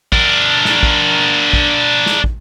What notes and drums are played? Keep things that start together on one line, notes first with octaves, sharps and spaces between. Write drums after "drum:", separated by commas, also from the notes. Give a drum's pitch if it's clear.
D4 A#4, drum: kick
drum: snare
drum: kick
drum: kick
drum: snare
drum: kick